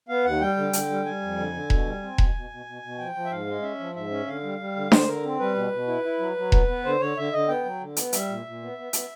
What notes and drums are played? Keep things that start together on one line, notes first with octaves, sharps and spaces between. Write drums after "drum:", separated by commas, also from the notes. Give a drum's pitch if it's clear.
B3 F5
D#2 F#5
G3 G5
D3
D3, drum: hi-hat
G3
G3 G#5
F2
D3
D3
B2, drum: kick E1
G3
C4
B2, drum: kick E1
B2
B2
B2
B2
F3 G5
F3
E5
G#2 F5
G#3
C#4 E5
F3
G#2 E5
C#4
D3 F5
G3
G3
D3
D3 C5, drum: snare D4
D3 A#4
C4
G3 B4
B2
B2
E4
E4
F#3
F#3
B3, drum: kick E1
B3
D3 C5
D3 C#5
D3 E5
D3 D#5
B3 G5
F#3
D3
B3, drum: hi-hat
G3 E5, drum: hi-hat
A#2
A#2
B3
B3
B3, drum: hi-hat